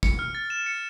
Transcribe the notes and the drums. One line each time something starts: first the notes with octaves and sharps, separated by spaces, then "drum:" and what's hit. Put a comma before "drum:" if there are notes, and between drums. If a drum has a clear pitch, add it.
C#7, drum: kick
F6
A6
E7
C#7